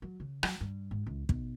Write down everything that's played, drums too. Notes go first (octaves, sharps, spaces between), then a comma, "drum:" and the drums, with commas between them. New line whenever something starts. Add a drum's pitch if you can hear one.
F#3
C#3
F#3, drum: rim click
G2
G#2
C#2
B1, drum: kick